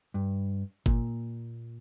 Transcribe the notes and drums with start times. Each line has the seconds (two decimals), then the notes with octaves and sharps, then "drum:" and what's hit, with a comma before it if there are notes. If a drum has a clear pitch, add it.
0.14 G2
0.86 A#2, drum: kick G1